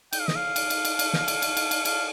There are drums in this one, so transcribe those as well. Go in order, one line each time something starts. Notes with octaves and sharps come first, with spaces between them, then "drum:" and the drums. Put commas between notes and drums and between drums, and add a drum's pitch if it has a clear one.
G5, drum: cymbal
F5
D#5, drum: snare
F5
drum: cymbal
drum: cymbal
drum: cymbal
drum: cymbal
drum: snare
drum: cymbal
drum: cymbal
drum: cymbal
drum: cymbal
F5, drum: cymbal